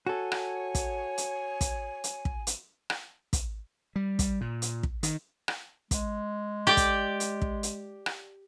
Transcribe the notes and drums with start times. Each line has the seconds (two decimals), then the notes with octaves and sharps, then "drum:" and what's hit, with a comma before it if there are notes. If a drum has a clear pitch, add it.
0.07 F#4 A4 C#5 G#5
0.32 drum: rim click
0.75 drum: kick, hi-hat
1.18 drum: hi-hat
1.61 drum: kick, hi-hat
2.04 drum: hi-hat
2.25 drum: kick
2.47 drum: hi-hat
2.90 drum: rim click
3.33 drum: kick, hi-hat
3.96 G3
4.19 drum: kick, hi-hat
4.41 A#2
4.62 drum: hi-hat
4.83 drum: kick
5.03 D#3, drum: hi-hat
5.48 drum: rim click
5.91 G#3, drum: kick, hi-hat
6.67 G4 D5
6.77 drum: kick, hi-hat
7.20 drum: hi-hat
7.42 drum: kick
7.63 drum: hi-hat
8.06 drum: rim click